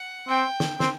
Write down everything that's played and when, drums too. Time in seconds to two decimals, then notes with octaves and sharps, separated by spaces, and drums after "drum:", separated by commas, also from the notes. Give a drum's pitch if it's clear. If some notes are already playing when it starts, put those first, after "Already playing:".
Already playing: F#5
0.28 C4 G5
0.60 drum: snare
0.80 C4, drum: snare